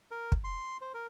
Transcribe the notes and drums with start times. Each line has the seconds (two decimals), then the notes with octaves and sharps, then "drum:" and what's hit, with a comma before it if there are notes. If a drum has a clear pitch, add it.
0.11 A#4
0.32 drum: kick
0.44 C6
0.81 C5
0.94 A#4